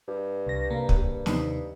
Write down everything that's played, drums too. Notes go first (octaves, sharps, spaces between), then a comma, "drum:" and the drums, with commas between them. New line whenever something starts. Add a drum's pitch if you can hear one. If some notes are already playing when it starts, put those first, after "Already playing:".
G2
C2 A#6
C3 A#3
drum: kick
G2
D#2 C3 D#4, drum: snare